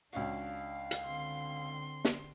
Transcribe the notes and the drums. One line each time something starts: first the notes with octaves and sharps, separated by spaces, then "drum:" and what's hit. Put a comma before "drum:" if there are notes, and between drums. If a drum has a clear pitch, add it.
C#2 C#4 D4 F#4 F5
drum: hi-hat
D3 C4 C6
drum: snare